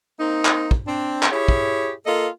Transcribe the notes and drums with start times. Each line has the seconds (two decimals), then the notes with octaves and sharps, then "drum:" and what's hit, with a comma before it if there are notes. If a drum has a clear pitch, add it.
0.19 A#3 C4 D#4
0.45 drum: clap
0.71 drum: kick
0.86 C4 D4
1.23 drum: clap
1.32 E4 G4 G#4 C#5
1.48 drum: kick
2.06 A#3 F4 A4 D#5